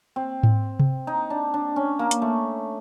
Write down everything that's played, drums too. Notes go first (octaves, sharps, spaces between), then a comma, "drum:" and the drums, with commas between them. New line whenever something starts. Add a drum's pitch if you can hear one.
C4
drum: tom G#2
drum: tom C3
D#4
D4
D4
C#4
A#3
drum: hi-hat
A3